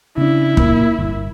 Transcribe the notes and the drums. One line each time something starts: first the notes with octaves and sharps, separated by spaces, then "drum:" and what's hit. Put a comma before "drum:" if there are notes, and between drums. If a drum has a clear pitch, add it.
C#3 D4 E4
A#2 A#3, drum: kick
G1